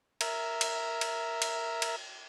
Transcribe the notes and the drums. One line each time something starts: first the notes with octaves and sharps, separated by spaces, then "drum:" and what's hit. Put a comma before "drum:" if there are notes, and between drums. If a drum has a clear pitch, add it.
A#4 E5, drum: cymbal
drum: cymbal
drum: cymbal
drum: cymbal
drum: cymbal